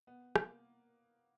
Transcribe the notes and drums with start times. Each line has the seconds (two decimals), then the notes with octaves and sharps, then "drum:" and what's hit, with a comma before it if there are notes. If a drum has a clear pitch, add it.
0.07 B3
0.36 A#3, drum: rim click